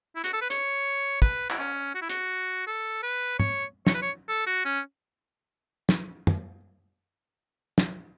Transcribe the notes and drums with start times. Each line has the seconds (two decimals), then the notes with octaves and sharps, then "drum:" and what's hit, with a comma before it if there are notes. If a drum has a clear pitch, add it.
0.16 E4
0.24 F#4, drum: hi-hat
0.33 A4
0.42 B4
0.50 C#5, drum: hi-hat
1.22 B4, drum: kick
1.50 E4, drum: clap
1.59 C#4
1.95 F#4
2.02 E4
2.09 F#4, drum: hi-hat
2.67 A4
3.03 B4
3.40 C#5, drum: tom
3.87 C#5, drum: snare
3.94 B4
4.02 C#5
4.29 A4
4.47 F#4
4.65 C#4
5.89 drum: snare
6.27 drum: tom
7.78 drum: snare